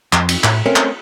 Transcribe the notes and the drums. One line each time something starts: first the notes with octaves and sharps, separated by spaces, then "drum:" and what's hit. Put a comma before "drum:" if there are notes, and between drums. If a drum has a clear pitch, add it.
F2, drum: clap
drum: cymbal
A2, drum: clap
A3 C4 C#4 A#4
drum: clap